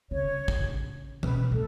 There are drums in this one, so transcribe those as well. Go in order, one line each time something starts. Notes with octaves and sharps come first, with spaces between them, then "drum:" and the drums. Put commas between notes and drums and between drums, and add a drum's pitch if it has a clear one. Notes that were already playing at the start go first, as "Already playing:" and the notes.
C#3 C#5
drum: kick
B2 B4, drum: tom E3
A2 A4